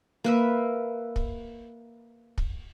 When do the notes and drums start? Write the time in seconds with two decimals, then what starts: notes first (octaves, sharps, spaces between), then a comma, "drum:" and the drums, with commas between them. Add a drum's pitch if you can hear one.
0.24 A#3 B4 E5
1.16 drum: kick
2.38 drum: kick